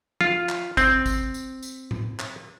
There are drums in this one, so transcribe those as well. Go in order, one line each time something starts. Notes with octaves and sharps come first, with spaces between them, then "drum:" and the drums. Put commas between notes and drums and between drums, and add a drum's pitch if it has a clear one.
F4, drum: tom F3
drum: clap
C4, drum: kick, tambourine
drum: kick, tambourine
drum: tambourine
drum: tambourine
drum: tom A2
drum: clap